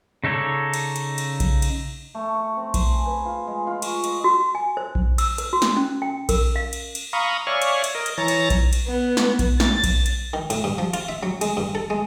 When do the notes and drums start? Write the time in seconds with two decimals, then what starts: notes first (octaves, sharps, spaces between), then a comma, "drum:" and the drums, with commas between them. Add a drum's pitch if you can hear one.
0.24 C#3 D#4 A4 C#5 D5
0.74 drum: cymbal
0.96 drum: cymbal
1.18 drum: cymbal
1.40 drum: kick A#1, cymbal
1.62 drum: cymbal
2.15 A3
2.35 C#6
2.57 C4
2.74 C5, drum: kick A#1, cymbal
2.92 G#4
3.06 B4
3.26 F4
3.47 G#3
3.67 F4
3.82 C#6, drum: cymbal
4.04 D#5, drum: cymbal
4.24 F#4
4.55 G#5
4.77 C5
4.95 drum: kick A#1
5.18 E6, drum: cymbal
5.38 B4, drum: cymbal
5.53 F#4
5.62 drum: snare
5.77 C#4
6.02 G5
6.29 A#4, drum: kick A#1, cymbal
6.56 F5
6.73 drum: cymbal
6.95 drum: cymbal
7.13 F5 A#5 B5 C#6 D#6
7.47 C#5 D5 E5 F5 G#5 C#6
7.62 drum: cymbal
7.84 drum: cymbal
7.95 A#4 D#5
8.06 drum: cymbal
8.18 E3 C#5 A#5 A6 A#6
8.28 drum: cymbal
8.50 drum: kick A#1, cymbal
8.73 drum: cymbal
8.87 B3
9.17 drum: snare
9.39 drum: kick A#1, cymbal
9.60 A6, drum: snare
9.84 drum: kick A#1, cymbal
10.06 drum: cymbal
10.33 D#3
10.50 A2, drum: cymbal
10.64 G2
10.78 F3
10.94 F4, drum: cymbal
11.09 E5
11.23 F#3
11.41 G#3, drum: cymbal
11.57 G2
11.75 A4
11.90 G#3